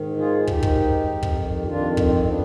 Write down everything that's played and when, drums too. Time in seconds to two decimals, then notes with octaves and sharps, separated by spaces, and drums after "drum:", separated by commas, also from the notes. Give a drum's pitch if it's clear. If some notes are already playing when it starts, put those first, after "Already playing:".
Already playing: G#2 D#3
0.18 F4 G#4
0.39 G#4
0.47 G#2 D#3 D#4 G4, drum: kick
0.63 drum: kick
1.07 F2 D#3
1.23 drum: kick
1.62 G4
1.67 F2 D#3 D4 F4
1.97 C4, drum: kick
2.27 B3 D4